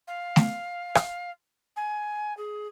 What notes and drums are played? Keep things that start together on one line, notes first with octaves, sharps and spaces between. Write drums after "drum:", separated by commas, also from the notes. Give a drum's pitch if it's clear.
F5
drum: snare A3
drum: rim click
G#5
G#4